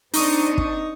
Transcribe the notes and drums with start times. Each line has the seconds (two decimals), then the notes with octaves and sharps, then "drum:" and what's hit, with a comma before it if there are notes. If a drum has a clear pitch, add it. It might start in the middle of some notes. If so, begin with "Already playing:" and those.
0.14 C4 D4 D#4 C#6 D#6, drum: open hi-hat
0.58 drum: kick